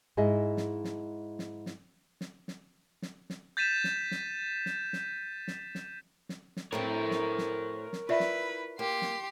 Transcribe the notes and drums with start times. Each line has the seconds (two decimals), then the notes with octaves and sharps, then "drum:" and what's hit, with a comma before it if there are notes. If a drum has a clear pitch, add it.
0.17 G#2 E4 G#4 D#5 E5
0.57 drum: snare
0.84 drum: snare
1.39 drum: snare
1.66 drum: snare
2.21 drum: snare
2.48 drum: snare
3.02 drum: snare
3.30 drum: snare
3.57 G6 A6 B6 D#7 E7
3.84 drum: snare
4.11 drum: snare
4.66 drum: snare
4.93 drum: snare
5.48 drum: snare
5.75 drum: snare
6.29 drum: snare
6.57 drum: snare
6.72 A2 A3 C4 A#4 C#5
7.11 drum: snare
7.38 drum: snare
7.93 drum: snare
8.09 E4 F4 B4 D5 E5
8.20 drum: snare
8.79 A#3 G4 C6
9.02 drum: snare